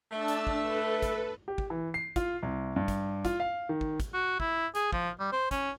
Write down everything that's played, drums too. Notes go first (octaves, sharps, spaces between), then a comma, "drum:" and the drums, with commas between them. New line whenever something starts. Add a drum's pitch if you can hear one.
A3 D4 A5 E6
drum: hi-hat
drum: kick
A4 B4
drum: kick, hi-hat
G4
drum: kick
E3
C7
F4, drum: kick, hi-hat
C2
G2
drum: kick, hi-hat
F4, drum: kick, hi-hat
F5
D#3
drum: kick
drum: kick, hi-hat
F#4
E4, drum: kick
G#4, drum: hi-hat
F3, drum: kick
G3
C5
C#4, drum: kick, hi-hat